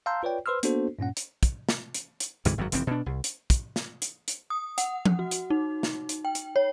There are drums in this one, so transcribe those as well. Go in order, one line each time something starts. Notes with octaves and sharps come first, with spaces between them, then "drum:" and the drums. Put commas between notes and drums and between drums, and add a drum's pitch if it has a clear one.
F5 A5 A#5 C6 E6 G6
F4 B4 C#5 D5 G5
B4 C5 C6 E6 F6
A#3 B3 D4 F#4 A4 C5, drum: hi-hat
G2 A#2 C#4 F#5
drum: hi-hat
drum: kick, hi-hat
drum: snare
drum: hi-hat
drum: hi-hat
D2 G#2 C3 E3, drum: hi-hat
G#1 F#2 D3 F#3
F1 F2 E3 C4, drum: hi-hat
B2 D4
C2
drum: hi-hat
drum: kick, hi-hat
drum: snare
drum: hi-hat
drum: hi-hat
D#6
F#5, drum: hi-hat
drum: tom F3
F#4
drum: hi-hat
D#4
drum: snare
drum: hi-hat
G5
drum: hi-hat
C#5